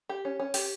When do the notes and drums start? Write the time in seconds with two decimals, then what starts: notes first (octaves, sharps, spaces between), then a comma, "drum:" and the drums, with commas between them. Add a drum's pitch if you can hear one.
0.09 G4
0.25 C#4
0.40 C#4
0.54 G4, drum: open hi-hat